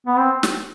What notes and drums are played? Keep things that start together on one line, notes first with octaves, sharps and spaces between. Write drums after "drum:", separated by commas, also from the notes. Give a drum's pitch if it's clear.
B3
C4
drum: snare